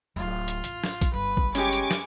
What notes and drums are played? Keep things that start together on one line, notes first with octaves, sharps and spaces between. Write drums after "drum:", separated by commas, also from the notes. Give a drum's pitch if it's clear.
D1 F4
drum: hi-hat
A1, drum: hi-hat
drum: snare
drum: kick, hi-hat
G1 B4
drum: kick
G#3 C#4 G4 G#5 C#6 D6, drum: hi-hat
drum: hi-hat
drum: snare